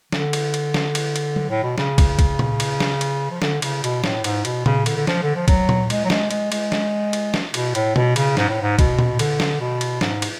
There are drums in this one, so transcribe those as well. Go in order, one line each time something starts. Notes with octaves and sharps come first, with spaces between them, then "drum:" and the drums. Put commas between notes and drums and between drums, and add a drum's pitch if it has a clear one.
D3, drum: snare
drum: cymbal
drum: cymbal
drum: snare
drum: cymbal
drum: cymbal
drum: tom F#3
A2
B2
C#3, drum: snare
drum: kick, cymbal
drum: kick, cymbal
drum: tom A#2
drum: cymbal
drum: snare
drum: cymbal
F3
D3, drum: snare
C#3, drum: cymbal
B2, drum: cymbal
A2, drum: snare
G#2, drum: cymbal
B2, drum: cymbal
C#3, drum: tom A#2
D3, drum: cymbal
D3
F3, drum: snare
D3
F3
F#3, drum: kick, cymbal
drum: tom A#2
G#3, drum: cymbal
F#3
G#3, drum: snare
G#3, drum: cymbal
G#3, drum: cymbal
drum: snare
drum: cymbal
drum: snare
B2, drum: cymbal
A2, drum: cymbal
B2, drum: tom B2
C#3, drum: cymbal
G#2, drum: snare
A2
G#2
B2, drum: kick, cymbal
drum: tom A#2
D3, drum: cymbal
drum: snare
B2
drum: cymbal
G#2, drum: snare
drum: cymbal